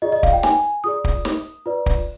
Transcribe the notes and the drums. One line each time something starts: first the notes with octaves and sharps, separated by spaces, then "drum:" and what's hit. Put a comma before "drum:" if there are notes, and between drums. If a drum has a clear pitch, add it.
F4 G#4 D5 D#5
D#5
F5, drum: kick
G5
G#5, drum: snare
F4 G#4 D5 D#6
drum: kick
drum: snare
F4 B4 D5
drum: kick